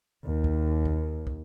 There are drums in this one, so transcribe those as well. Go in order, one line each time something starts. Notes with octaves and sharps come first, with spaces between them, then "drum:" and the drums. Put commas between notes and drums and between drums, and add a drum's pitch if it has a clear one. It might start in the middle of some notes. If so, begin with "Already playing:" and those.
D#2
drum: kick
drum: kick
drum: kick